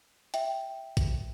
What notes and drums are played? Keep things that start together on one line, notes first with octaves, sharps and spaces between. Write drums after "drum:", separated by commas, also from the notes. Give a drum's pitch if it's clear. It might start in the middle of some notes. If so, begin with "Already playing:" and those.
E5 G5, drum: hi-hat
drum: kick A#1, hi-hat